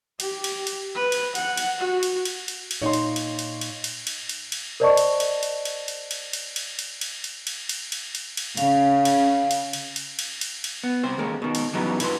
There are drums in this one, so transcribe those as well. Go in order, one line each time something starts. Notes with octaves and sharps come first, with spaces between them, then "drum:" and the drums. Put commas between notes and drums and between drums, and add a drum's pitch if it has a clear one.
G4, drum: cymbal
drum: cymbal
drum: cymbal
B4
drum: cymbal
F#5, drum: cymbal
drum: cymbal
F#4
drum: cymbal
drum: cymbal
drum: cymbal
drum: cymbal
A#2 D#4 C#5 C6
drum: cymbal
drum: cymbal
drum: cymbal
drum: cymbal
drum: cymbal
drum: cymbal
drum: cymbal
drum: cymbal
A#4 C5 D5 D#5 A5 C#6
drum: cymbal
drum: cymbal
drum: cymbal
drum: cymbal
drum: cymbal
drum: cymbal
drum: cymbal
drum: cymbal
drum: cymbal
drum: cymbal
drum: cymbal
drum: cymbal
drum: cymbal
drum: cymbal
drum: cymbal
drum: cymbal
C#3 F5, drum: cymbal
drum: cymbal
drum: cymbal
drum: cymbal
drum: cymbal
drum: cymbal
drum: cymbal
drum: cymbal
B3
C2 C4 C5
D#2 G#3 A#3 C#4
B2 D#3
drum: cymbal
C#3 E3 F#3 G3 B3 D#4
G2 E4 B4 C6, drum: cymbal